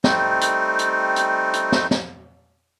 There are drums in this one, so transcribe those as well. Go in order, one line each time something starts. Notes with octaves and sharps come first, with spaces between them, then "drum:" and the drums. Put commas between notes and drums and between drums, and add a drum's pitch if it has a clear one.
G3 A3 C4 D#4, drum: snare
drum: hi-hat
drum: hi-hat
drum: hi-hat
drum: hi-hat
drum: snare
drum: snare